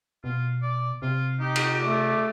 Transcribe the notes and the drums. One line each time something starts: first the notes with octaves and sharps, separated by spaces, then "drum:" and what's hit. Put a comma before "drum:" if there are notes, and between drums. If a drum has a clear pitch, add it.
B2 F4
D5
C3 F4
D#4 G4
drum: cymbal
A3 D5